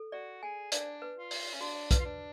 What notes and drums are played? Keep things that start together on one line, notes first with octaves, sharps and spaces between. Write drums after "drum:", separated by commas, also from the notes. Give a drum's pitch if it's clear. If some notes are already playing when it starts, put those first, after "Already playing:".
Already playing: A4
F#4 D5
G#4 G#5
D4 D5, drum: hi-hat
B4
F4
D5, drum: open hi-hat
C#4
D4 F#4
B4, drum: kick B1, hi-hat
F4
D4